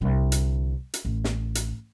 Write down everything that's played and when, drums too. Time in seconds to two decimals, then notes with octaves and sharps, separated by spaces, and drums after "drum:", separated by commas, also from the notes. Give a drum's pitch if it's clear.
0.01 C2 D3
0.32 drum: hi-hat
0.94 drum: hi-hat
1.05 A1
1.24 drum: snare
1.55 drum: hi-hat